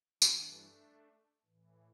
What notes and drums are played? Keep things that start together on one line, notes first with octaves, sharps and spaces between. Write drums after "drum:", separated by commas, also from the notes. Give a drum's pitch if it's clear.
G2 E3 A3 D4, drum: tambourine
A2 E3